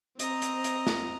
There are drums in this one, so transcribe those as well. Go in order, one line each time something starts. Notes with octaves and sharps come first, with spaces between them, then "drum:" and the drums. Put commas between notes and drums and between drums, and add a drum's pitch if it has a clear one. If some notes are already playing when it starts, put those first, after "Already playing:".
C4 D#5 A#5, drum: hi-hat
drum: hi-hat
drum: hi-hat
drum: snare